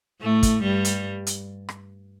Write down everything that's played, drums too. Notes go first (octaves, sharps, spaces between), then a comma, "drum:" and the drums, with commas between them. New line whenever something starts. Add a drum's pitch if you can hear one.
A2 A3
drum: kick, hi-hat
G2 G3
drum: hi-hat
drum: hi-hat
drum: rim click